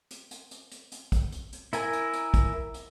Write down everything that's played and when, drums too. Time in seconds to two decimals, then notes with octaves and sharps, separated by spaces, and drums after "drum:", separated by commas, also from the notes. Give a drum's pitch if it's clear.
0.11 drum: hi-hat
0.31 drum: hi-hat
0.51 drum: hi-hat
0.72 drum: hi-hat
0.92 drum: hi-hat
1.12 drum: kick, hi-hat
1.32 drum: hi-hat
1.53 drum: hi-hat
1.73 E4 A#4 G#5, drum: hi-hat
1.93 drum: hi-hat
2.13 drum: hi-hat
2.34 drum: kick, hi-hat
2.74 drum: hi-hat